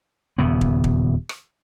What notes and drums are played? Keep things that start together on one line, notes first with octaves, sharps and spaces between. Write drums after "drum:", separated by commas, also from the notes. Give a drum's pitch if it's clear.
D#1 E2 C#3 B3
drum: kick
drum: kick
drum: rim click